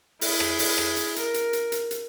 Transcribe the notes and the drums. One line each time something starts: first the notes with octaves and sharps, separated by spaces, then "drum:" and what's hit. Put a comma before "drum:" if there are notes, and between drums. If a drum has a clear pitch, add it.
E4 G#4, drum: open hi-hat
drum: rim click
drum: open hi-hat
drum: rim click
drum: hi-hat
A#4, drum: hi-hat
drum: hi-hat
drum: hi-hat
drum: hi-hat
drum: hi-hat